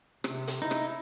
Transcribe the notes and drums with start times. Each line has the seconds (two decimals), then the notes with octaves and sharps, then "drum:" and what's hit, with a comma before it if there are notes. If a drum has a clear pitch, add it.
0.24 C3, drum: rim click
0.47 drum: hi-hat
0.62 D#4 E4
0.71 drum: rim click